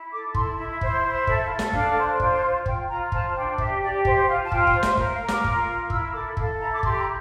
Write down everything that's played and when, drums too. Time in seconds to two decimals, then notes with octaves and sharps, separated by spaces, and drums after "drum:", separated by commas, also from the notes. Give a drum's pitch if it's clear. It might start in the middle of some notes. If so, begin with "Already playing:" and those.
Already playing: E4
0.12 A4 D6
0.35 E4 C6, drum: kick
0.57 E4 E5
0.69 E5
0.81 C5 E5, drum: kick
1.04 E4
1.27 A4 E5, drum: kick
1.43 F5
1.50 A4
1.59 E5, drum: snare
1.73 D4 F5, drum: kick
1.97 C5
2.20 F4, drum: kick
2.44 F4
2.66 F4 G5, drum: kick
2.89 F4 A#5
3.12 C5 A5, drum: kick
3.36 D4 G5
3.58 G4 E5, drum: kick
3.82 G4 D5
4.05 C5 E5, drum: kick
4.28 F4 F5
4.46 A5
4.52 F4 G5, drum: kick
4.67 F5, drum: kick
4.75 C5
4.83 E5, drum: snare
4.97 A#4 E5, drum: kick
5.13 F5
5.21 A#4
5.28 D6, drum: snare
5.44 F4, drum: kick
5.67 A#4
5.90 E4 E6, drum: kick
6.14 A4 D6
6.37 A4 F5, drum: kick
6.59 E4 A#5
6.73 D6
6.83 G4 C6, drum: kick
6.94 C6
6.99 A#5